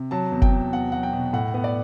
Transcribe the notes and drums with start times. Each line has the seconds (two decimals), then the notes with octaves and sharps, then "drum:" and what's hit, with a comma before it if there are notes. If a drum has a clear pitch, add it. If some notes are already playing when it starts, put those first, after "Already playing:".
Already playing: C3
0.11 F#3 A5
0.32 E2
0.42 G5, drum: kick F#1
0.52 E2
0.72 E2 F#5
0.92 F#3 F#5
1.03 G5
1.13 B2
1.33 A2 F#5
1.54 B3
1.64 D5